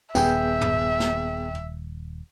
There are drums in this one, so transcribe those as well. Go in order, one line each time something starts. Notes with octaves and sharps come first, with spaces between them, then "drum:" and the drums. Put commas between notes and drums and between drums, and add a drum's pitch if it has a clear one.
D#1 B3 G#4 E5 G5 G6, drum: tambourine
drum: tom
drum: snare